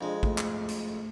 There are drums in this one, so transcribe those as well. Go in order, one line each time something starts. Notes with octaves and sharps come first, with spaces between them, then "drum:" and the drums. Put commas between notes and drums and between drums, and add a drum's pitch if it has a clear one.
F2 G#3 D4
A3, drum: kick
drum: clap
drum: hi-hat